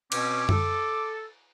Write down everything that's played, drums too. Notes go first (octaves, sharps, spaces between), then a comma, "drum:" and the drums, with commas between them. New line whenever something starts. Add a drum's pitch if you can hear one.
B2 C4 C#4 D6, drum: cymbal
A4, drum: tom F#2